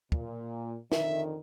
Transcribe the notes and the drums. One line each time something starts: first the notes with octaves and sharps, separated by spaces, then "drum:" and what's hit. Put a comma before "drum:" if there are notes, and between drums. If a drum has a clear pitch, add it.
A#2, drum: kick
F2 D3 D#3 E5, drum: snare